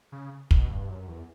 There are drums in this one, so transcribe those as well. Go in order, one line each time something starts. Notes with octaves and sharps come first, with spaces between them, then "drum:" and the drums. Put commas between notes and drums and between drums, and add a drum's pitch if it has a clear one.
C#3
B2, drum: kick
G2
F#2
E2